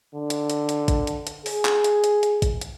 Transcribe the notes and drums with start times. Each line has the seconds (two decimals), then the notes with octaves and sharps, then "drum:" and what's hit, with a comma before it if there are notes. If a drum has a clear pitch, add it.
0.15 D3
0.30 drum: hi-hat
0.50 drum: hi-hat
0.69 drum: hi-hat
0.88 drum: kick A1, hi-hat
1.07 drum: hi-hat
1.27 drum: hi-hat
1.46 G#4, drum: open hi-hat
1.65 drum: clap
1.84 drum: hi-hat
2.04 drum: hi-hat
2.23 drum: hi-hat
2.42 drum: kick A1, hi-hat
2.61 drum: hi-hat